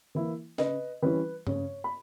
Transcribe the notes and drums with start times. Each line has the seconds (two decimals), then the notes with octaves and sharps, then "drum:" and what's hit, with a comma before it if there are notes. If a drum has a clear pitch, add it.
0.15 E3 A#3 E4
0.58 C#3 B4 D#5, drum: snare
1.02 E3 G3 C#4 E4 B4
1.47 C#3 C#5, drum: tom G2
1.84 B5